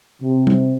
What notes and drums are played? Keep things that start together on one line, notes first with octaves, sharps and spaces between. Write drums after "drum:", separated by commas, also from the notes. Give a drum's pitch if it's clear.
C3
drum: tom G3